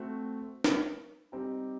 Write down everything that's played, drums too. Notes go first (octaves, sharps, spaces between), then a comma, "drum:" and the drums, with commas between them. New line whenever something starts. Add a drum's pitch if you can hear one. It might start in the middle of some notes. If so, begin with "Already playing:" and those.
Already playing: A3 C4 F#4
drum: snare
G3 C4 D#4 G4